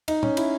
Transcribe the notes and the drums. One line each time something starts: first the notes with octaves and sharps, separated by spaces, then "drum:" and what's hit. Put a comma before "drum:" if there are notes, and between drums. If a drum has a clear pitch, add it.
D#4, drum: cymbal
C#4, drum: tom
E4, drum: cymbal